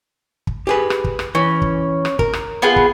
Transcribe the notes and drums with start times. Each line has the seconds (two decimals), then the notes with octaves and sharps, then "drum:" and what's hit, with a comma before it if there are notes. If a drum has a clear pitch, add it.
0.47 drum: kick
0.67 G4 G#4 B4
0.90 drum: rim click
1.05 drum: kick
1.19 drum: rim click
1.35 E3 C#4
1.62 drum: kick
2.05 drum: rim click
2.19 A#4, drum: kick
2.33 drum: rim click
2.62 B3 F4 G#4
2.76 drum: kick